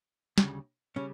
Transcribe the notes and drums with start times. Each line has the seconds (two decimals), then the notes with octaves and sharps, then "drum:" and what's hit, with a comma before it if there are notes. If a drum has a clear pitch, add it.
0.38 D2 C#3 G3, drum: snare
0.96 C#3 G3 C#4